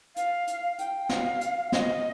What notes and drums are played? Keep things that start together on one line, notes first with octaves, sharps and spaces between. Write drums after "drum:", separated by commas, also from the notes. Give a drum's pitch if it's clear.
F5, drum: hi-hat
drum: hi-hat
G5, drum: hi-hat
F5, drum: snare
drum: hi-hat
D#5, drum: snare